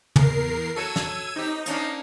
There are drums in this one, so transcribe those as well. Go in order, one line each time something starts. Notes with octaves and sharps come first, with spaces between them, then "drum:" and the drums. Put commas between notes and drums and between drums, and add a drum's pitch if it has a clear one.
E2 A#4 C7, drum: tom
F#3 F#4 A4 E6 G#6 D#7
drum: snare
C4 D#4 G4
A#3 C#4 D4, drum: hi-hat